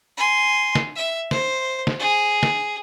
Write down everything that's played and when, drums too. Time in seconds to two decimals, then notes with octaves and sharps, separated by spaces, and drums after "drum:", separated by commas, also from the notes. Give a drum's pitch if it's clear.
0.17 G#5 C6
0.75 drum: snare
0.96 E5
1.31 C5, drum: snare
1.87 drum: snare
1.99 G#4
2.43 drum: snare